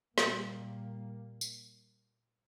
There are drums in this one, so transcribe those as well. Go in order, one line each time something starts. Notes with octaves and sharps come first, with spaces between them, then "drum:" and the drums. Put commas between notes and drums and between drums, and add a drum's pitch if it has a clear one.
A#2 G3 A#3, drum: snare
drum: tambourine